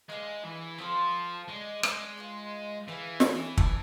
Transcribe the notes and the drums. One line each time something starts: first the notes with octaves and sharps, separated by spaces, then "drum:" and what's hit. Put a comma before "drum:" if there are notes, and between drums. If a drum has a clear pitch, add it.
G#3 D4 G#4 B4 F5
E3
F3 C4 F4 A4 C5
G#3 D4 G#4 D5
G#3, drum: rim click
F4 G#4 B4
E3 E4 G#4 B4 F5
drum: snare
E4 B4 D5 A5, drum: kick